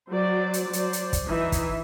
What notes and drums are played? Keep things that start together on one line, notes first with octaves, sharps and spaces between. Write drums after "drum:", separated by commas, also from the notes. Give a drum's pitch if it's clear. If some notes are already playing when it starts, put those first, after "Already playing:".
F#3 F#4 C5 D5
drum: hi-hat
F#3 C5 D5, drum: hi-hat
drum: hi-hat
drum: kick, hi-hat
E3 D#4 E5
drum: kick, hi-hat